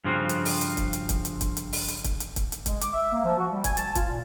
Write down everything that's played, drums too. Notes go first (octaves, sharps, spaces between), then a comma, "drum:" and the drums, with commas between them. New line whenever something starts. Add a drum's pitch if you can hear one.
G2 C#3 F3 C4 F4 F#4
drum: hi-hat
drum: open hi-hat
drum: hi-hat
drum: kick, hi-hat
drum: hi-hat
drum: kick, hi-hat
drum: hi-hat
drum: kick, hi-hat
drum: hi-hat
drum: open hi-hat
drum: hi-hat
drum: kick, hi-hat
drum: hi-hat
drum: kick, hi-hat
drum: hi-hat
G#3, drum: kick, hi-hat
D6, drum: hi-hat
E5
A#3
F3
F#4
G3
G#5, drum: kick, hi-hat
A5, drum: hi-hat
F4, drum: kick, hi-hat
A#2